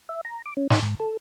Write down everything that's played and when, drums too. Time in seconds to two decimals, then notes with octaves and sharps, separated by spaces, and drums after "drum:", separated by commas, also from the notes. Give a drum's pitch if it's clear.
0.09 E5
0.25 A#5
0.46 D6
0.57 C#4
0.70 D#4, drum: snare
0.83 G#2
1.00 A4